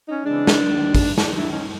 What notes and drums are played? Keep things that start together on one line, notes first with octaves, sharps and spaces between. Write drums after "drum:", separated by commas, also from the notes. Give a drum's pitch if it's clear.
C#4 D#4
C#3 E3 G#3 C4 D4
drum: snare
D#2 D#3 G3
drum: kick, open hi-hat
D#2 D#3 G3 D4, drum: snare
D4 E4
C#4 D#4